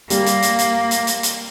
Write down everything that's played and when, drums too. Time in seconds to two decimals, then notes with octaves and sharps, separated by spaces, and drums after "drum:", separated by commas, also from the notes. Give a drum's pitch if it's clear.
0.10 G3 A#3, drum: hi-hat
0.26 drum: hi-hat
0.42 drum: hi-hat
0.59 drum: hi-hat
0.91 drum: hi-hat
1.07 drum: hi-hat
1.23 drum: hi-hat